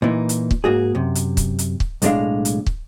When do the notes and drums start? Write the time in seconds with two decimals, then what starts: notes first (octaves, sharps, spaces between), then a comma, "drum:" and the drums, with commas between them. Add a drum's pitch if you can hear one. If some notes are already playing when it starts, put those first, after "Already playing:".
0.02 A#2 E3 D#4
0.29 drum: hi-hat
0.51 drum: kick
0.64 G#2 A#3 F#4 G#4
0.95 F#2 C3
1.15 drum: hi-hat
1.37 drum: kick, hi-hat
1.59 drum: hi-hat
1.80 drum: kick
2.02 B1 A2 G#3 D4 F5, drum: hi-hat
2.45 drum: hi-hat
2.66 drum: kick